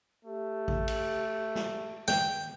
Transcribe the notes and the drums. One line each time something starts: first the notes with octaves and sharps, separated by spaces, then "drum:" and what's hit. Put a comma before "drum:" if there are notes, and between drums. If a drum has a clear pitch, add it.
A3 G4
drum: kick A1
drum: cymbal
drum: snare
G5, drum: snare